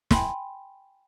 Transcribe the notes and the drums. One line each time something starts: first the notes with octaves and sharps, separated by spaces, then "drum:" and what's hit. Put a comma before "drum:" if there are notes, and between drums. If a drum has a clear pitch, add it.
G5 G#5 B5 C6, drum: snare